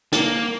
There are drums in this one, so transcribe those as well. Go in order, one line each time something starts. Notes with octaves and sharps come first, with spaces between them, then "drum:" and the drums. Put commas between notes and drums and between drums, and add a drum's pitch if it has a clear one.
A#3, drum: hi-hat